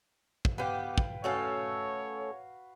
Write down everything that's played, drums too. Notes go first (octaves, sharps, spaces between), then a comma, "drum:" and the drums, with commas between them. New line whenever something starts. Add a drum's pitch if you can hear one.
drum: kick
B3 G4 B4 F5 G5
drum: kick
A3 C#4 F#4 A4 C#5 F5